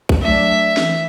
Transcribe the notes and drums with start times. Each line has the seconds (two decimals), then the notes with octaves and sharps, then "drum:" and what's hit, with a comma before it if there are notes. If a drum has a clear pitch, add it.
0.09 drum: kick
0.22 F#3 A3 D4 E5
0.77 E3, drum: snare